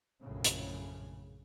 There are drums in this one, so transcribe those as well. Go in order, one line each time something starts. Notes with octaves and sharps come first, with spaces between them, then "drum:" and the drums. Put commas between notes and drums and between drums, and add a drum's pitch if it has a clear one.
A#1 F#2 A2 C#3
drum: hi-hat